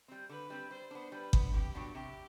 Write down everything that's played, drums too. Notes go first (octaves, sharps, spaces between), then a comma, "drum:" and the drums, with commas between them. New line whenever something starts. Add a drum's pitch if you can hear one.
G3 C4
D3 B4
G3 C4
G3 C5
B3 D4
G3 B4
B3 D4, drum: kick G1
C3 G4
F#3 B3 D4
C3 G4